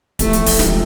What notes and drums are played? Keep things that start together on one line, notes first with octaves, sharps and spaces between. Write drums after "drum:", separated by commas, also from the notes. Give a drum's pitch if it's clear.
F2 C3 E3 A3, drum: kick, hi-hat
drum: hi-hat
drum: kick, open hi-hat
F2 C3 F3 G#3, drum: snare